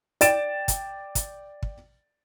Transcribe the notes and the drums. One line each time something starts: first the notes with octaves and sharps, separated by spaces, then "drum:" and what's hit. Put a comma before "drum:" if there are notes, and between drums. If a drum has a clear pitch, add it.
D5 G5 A6 D7 E7, drum: hi-hat
drum: kick, hi-hat
drum: kick, hi-hat
drum: kick